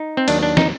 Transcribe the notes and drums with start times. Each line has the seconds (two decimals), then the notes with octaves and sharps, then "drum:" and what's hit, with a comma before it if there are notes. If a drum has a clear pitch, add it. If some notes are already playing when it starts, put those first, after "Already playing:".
Already playing: D#4
0.17 C4
0.28 D#2 D#3 F#3 D4, drum: cymbal
0.43 D4
0.57 D#4, drum: snare